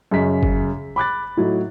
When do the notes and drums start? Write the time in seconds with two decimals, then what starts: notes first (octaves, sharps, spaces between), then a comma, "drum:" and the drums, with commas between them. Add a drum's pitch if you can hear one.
0.11 F#2 C#3 D#5 B6
0.43 drum: kick F#1
0.96 B5 D6 F#6 A6
1.37 A2 F#3 D#4